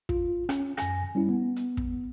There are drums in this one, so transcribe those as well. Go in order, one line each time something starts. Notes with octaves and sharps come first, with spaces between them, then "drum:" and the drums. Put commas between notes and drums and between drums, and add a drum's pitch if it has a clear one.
F4, drum: kick
C#4, drum: rim click
F#2 G#5 A#6, drum: rim click
G3 C#4 E4
B3
drum: hi-hat
drum: kick